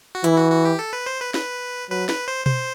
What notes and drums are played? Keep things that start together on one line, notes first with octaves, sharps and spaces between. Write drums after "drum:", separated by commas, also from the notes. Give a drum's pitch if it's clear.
F#4
E3 E4, drum: hi-hat
F#4
F#4
G4
A4
B4
C5
B4
B4, drum: snare
F#3 B4
B4, drum: snare
C5
C5, drum: tom B2